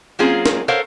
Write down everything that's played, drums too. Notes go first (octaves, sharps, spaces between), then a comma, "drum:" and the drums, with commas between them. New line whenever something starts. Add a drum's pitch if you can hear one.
F#3 A#3 C4 C#4 F4 G#4
drum: snare
A4 A#4 C5 C#5 F5 F#5